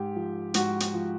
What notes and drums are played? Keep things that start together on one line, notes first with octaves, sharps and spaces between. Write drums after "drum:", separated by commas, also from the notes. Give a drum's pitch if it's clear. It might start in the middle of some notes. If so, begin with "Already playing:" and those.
Already playing: G#2 G4
F3
G#2 F#4, drum: hi-hat
drum: hi-hat
F3